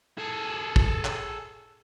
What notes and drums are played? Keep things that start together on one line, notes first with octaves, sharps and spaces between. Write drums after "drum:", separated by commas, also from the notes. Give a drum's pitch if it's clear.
G#4 A4
drum: kick
drum: clap